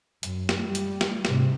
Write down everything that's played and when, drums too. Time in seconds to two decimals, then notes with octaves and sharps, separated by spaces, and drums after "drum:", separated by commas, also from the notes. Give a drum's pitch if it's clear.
0.23 F#2, drum: hi-hat
0.49 drum: snare
0.61 G3
0.75 drum: hi-hat
1.01 drum: snare
1.25 G#2 C3, drum: snare